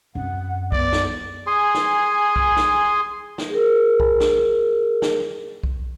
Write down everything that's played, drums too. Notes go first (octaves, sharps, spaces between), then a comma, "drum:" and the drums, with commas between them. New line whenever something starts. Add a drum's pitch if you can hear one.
F#2 C4 F#5
B3 D5, drum: kick B1
drum: snare
G#4 G#5 C6
drum: snare
drum: kick B1
drum: snare
drum: snare
G#4 A#4
drum: kick B1
drum: snare
drum: snare
drum: kick B1